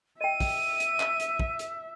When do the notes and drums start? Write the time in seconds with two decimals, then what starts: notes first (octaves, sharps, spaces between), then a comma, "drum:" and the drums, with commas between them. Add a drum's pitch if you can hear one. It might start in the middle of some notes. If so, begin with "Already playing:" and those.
0.21 D#5 E5 G5 D#7
0.40 drum: kick, open hi-hat
0.80 drum: hi-hat
1.00 drum: clap
1.20 drum: hi-hat
1.39 drum: kick
1.59 drum: hi-hat